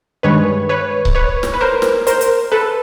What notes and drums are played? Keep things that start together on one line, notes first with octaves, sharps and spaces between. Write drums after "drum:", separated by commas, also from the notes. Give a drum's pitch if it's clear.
G2 D#3 G#3 B4 C#5
B4 C#5
drum: kick C#1
B4 C#5
drum: snare
B4
A#4 C5
drum: snare
A#4 C5, drum: hi-hat
drum: hi-hat
A4 B4